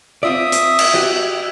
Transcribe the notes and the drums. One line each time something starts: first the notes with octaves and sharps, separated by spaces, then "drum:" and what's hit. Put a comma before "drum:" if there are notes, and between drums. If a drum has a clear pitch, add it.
C4 F4 D5 E5 D#6
drum: hi-hat
drum: cymbal
F#4 G4 D#5